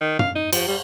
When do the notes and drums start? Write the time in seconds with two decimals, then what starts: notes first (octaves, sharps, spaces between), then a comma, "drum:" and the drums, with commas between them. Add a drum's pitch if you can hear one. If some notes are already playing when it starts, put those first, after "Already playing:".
0.01 D#3
0.19 F5, drum: tom
0.36 D#4
0.53 F3, drum: cymbal
0.68 G3